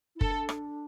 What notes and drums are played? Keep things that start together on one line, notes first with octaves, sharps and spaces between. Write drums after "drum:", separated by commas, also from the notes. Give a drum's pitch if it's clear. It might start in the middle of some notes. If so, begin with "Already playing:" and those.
E4
D4 A4, drum: kick
drum: rim click